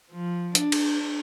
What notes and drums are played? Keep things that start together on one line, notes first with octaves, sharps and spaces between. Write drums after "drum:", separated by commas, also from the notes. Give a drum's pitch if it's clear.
F3
D4, drum: hi-hat
drum: cymbal